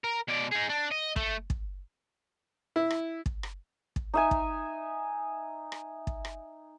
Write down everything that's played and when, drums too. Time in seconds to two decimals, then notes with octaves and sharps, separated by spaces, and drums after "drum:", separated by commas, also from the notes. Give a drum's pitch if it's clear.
0.04 A#4
0.28 B2 D5
0.51 D#4 G#4
0.69 D4
0.91 D#5
1.16 A3, drum: kick
1.50 drum: kick
2.76 E4
2.90 drum: rim click
3.26 drum: kick
3.43 drum: rim click
3.96 drum: kick
4.14 D#4 E5 G#5
4.31 drum: kick
5.72 drum: rim click
6.07 drum: kick
6.25 drum: rim click